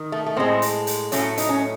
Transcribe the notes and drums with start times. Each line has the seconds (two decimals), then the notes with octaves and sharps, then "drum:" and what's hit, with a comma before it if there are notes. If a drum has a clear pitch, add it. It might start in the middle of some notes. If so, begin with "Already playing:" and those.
Already playing: D#3
0.12 A3
0.26 A3
0.36 A2 G#3 C4
0.62 drum: hi-hat
0.87 drum: hi-hat
1.12 A2 F#3 A3 C#4, drum: hi-hat
1.38 D#4, drum: hi-hat
1.49 C#4